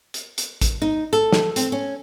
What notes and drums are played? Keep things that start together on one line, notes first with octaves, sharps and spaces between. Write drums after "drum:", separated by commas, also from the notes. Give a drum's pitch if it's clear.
drum: hi-hat
drum: hi-hat
drum: kick A1, hi-hat
D#4
A4
drum: snare
C4, drum: hi-hat
C#4